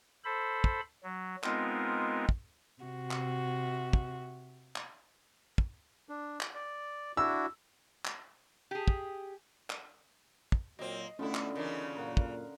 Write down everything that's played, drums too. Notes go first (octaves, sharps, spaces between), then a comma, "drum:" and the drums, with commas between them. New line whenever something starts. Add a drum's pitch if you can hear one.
A4 C5 B5
drum: kick
F#3
G#3 B3 C4 D#4 F4 A#4, drum: clap
drum: kick
C3 F#4
drum: clap
drum: kick
drum: clap
drum: kick
D4
drum: clap
D5
D4 E4 F#4 E6
drum: clap
G4 G#4
drum: kick
drum: clap
drum: kick
A#2 F#3 A#3 C4 D#5
D3 G3 A3 B3 C#4 E4 F4
drum: clap
C#3 E3 D4 D#4 A#4
F#2 A#2 A#4 F5 F#5
drum: kick